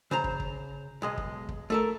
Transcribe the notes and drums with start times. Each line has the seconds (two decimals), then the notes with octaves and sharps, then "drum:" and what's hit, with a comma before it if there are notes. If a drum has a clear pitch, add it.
0.11 C#3 C5 A#5
0.24 drum: kick
0.40 drum: kick
1.02 B1 G#3 D#5
1.18 drum: kick
1.49 drum: kick
1.70 A3 A4 A#4